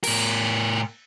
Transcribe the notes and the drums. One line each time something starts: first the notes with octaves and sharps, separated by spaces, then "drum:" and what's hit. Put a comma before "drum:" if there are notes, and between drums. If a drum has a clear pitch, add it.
A2 A#4, drum: cymbal